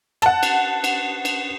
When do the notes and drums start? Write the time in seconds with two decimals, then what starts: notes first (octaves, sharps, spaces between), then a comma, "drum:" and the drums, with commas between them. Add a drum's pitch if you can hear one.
0.22 F#5 A5, drum: rim click
0.43 drum: cymbal
0.84 drum: cymbal
1.25 drum: cymbal